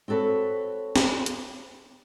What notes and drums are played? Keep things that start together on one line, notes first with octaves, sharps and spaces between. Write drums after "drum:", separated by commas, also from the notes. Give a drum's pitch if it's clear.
C4 F#4 A4 B4 C#5
drum: snare
drum: hi-hat